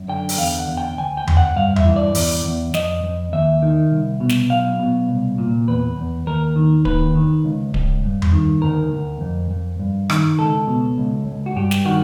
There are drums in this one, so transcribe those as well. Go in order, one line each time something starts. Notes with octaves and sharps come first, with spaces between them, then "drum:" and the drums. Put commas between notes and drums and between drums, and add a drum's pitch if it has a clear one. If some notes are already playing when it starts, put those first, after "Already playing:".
Already playing: F#2
D3 G5
drum: open hi-hat
E2 F5
F#5
E2
G5
D2 G#5
G5
D2, drum: tom E2
F#5
G2 F5
E5, drum: tom E2
E3
D5
E2 D5, drum: open hi-hat
E2
F2 D#5, drum: snare
F2
D#2 E5
D#3
C2
B2
drum: snare
B1 F5
B2
C2
A#2
E2 B4
E2
D#2 A#4
D#3
D#2 B4, drum: kick D1
D#3
C#2
C#2, drum: kick D1
G2
drum: tom E2
D#3
D2 A#4
D2
F2
F2
G2
D#3, drum: rim click
C#2 A4
B2
C#2
C#2
F#4
G2 G4
drum: snare
D#3 F#4